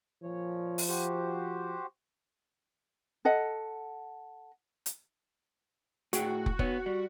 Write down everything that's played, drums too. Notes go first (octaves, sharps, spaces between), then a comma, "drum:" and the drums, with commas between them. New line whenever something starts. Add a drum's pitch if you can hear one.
A#2 F3 C#5
drum: open hi-hat
F#4 G4 C5
A4 D#5 F#5
drum: hi-hat
A2 F#4 G#4 G5, drum: hi-hat
drum: kick
B3 C#5, drum: kick
G3